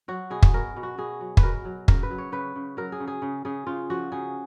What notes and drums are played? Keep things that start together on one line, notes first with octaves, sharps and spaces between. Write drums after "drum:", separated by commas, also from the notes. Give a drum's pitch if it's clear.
F#3 F#4
B2 G#4
drum: kick
B2 A#4
B2
F#4
B2 G#4
F#3
B4, drum: kick
B2 A#4
F#3
C#3 A#4, drum: kick
B4
F#3
C#5
C#3 B4
C#3
F#3 A#4
G#4
C#3
G#4
C#3
C#3 G#4
C#3 F4
F3 F#4
C#3 G#4